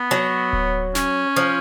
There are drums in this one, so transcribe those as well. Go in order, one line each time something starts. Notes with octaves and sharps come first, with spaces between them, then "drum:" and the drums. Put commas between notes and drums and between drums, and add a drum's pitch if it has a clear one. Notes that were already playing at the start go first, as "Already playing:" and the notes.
Already playing: B3
F#3
drum: kick D1
C#4, drum: snare
F3